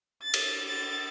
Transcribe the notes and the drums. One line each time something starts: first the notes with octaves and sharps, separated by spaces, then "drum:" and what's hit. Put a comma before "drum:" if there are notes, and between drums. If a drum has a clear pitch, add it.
A6
drum: cymbal
A6